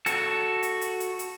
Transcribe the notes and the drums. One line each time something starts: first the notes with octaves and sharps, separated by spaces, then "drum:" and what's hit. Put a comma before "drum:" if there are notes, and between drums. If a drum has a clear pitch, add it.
F#4 A4, drum: hi-hat
drum: hi-hat
drum: hi-hat
drum: hi-hat
drum: hi-hat